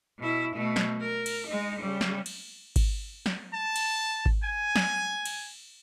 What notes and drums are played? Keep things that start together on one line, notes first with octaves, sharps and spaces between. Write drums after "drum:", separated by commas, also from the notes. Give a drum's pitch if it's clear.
B2 E4
B2 A3
drum: snare
A#4
drum: cymbal
G#3 D#4
C#3 G3
drum: snare
drum: cymbal
drum: kick G#1, cymbal
drum: snare
A5
drum: cymbal
drum: kick G#1
G#5
drum: snare
drum: cymbal